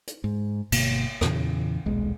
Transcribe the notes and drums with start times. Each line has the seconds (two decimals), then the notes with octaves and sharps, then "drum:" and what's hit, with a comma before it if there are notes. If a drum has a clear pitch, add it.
0.07 drum: hi-hat
0.24 G#2
0.72 G1 B2 A#3, drum: cymbal
1.21 E2 A#2 C#3 E3, drum: rim click
1.86 D#1 B1 G#3